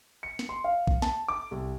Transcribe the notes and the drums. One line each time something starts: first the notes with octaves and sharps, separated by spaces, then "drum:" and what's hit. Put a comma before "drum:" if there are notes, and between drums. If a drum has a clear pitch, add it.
C#7
drum: snare
C6
F5
drum: kick A#1
A5, drum: snare
D6
C2